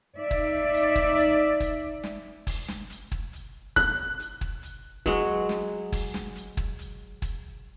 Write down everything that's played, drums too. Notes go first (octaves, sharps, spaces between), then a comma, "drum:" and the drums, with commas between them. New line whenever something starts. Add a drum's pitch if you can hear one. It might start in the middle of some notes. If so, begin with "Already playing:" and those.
D#4 D5 E5
drum: kick
drum: hi-hat
drum: kick
drum: hi-hat
drum: kick, hi-hat
drum: snare
drum: kick, open hi-hat
drum: snare
drum: hi-hat
drum: kick
drum: hi-hat
F#6, drum: kick, hi-hat
drum: hi-hat
drum: kick
drum: hi-hat
F#3 G#3 F#4, drum: kick, hi-hat
drum: snare
drum: kick, open hi-hat
drum: snare
drum: hi-hat
drum: kick
drum: hi-hat
drum: kick, hi-hat